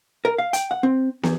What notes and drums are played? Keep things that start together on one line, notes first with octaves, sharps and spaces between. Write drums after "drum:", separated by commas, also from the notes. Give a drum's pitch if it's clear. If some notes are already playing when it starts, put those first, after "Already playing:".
A#4
F5
G5, drum: hi-hat
F#5
C4
E2, drum: snare